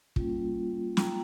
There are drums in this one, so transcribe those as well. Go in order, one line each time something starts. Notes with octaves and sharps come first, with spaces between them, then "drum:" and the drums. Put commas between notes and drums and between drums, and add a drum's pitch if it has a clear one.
G3 A#3 C#4 F4, drum: kick
G5 A#5, drum: snare